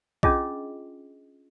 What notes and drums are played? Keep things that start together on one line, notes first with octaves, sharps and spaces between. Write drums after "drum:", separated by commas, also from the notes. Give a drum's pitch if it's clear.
C#4 D4 F4 G#4 D#5, drum: kick B1